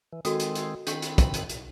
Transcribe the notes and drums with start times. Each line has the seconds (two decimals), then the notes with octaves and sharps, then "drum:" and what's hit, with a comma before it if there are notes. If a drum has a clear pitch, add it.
0.13 E3
0.25 D#3 G#3 C4 F#4 A4 D#6, drum: hi-hat
0.40 drum: hi-hat
0.55 drum: hi-hat
0.87 D#3 C4 D4 B5 C#6, drum: hi-hat
1.02 drum: hi-hat
1.18 drum: kick, hi-hat
1.34 drum: hi-hat
1.49 drum: hi-hat